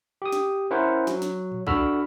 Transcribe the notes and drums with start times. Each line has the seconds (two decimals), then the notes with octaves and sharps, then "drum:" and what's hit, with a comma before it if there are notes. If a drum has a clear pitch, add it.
0.22 G4 D#6
0.33 drum: snare
0.71 C#4 E4 A#4 C5 F#5
1.07 F#3, drum: snare
1.22 drum: snare
1.52 drum: tom A#2
1.67 D4 F#4 A4 B5 E6 F6, drum: kick B1